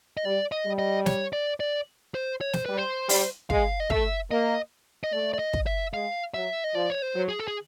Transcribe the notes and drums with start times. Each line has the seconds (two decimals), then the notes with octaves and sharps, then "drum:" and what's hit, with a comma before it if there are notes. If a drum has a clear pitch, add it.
0.17 D#5
0.25 G3 D5
0.52 D#5
0.65 G3
0.79 D#5
1.06 C#5, drum: snare
1.33 D5
1.60 D5
2.14 C5
2.41 C#5
2.53 C5, drum: snare
2.66 G3 B4
2.77 C5
3.09 G3, drum: open hi-hat
3.50 G#3 F5, drum: kick
3.80 D#5
3.90 A3 E5, drum: kick
4.31 A#3 D#5
5.04 D#5
5.12 A3 D5
5.34 D5
5.39 D#5
5.53 drum: kick
5.67 E5
5.93 G#3 F5
6.34 F#3 E5
6.64 D#5
6.74 F3 D5
6.90 C#5
7.02 C5
7.15 F#3
7.29 G#4
7.40 A4
7.48 G#4